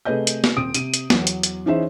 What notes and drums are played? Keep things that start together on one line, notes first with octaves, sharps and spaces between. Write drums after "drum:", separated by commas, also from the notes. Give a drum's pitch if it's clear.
C3 A3 G#4 B4 D#5 G6
drum: hi-hat
drum: snare
D#1 C4 D#6 D7
C3 D#7, drum: hi-hat
drum: hi-hat
E2 F#3, drum: snare
drum: hi-hat
drum: hi-hat
E3 C#4 D#4 G#4 C5 E5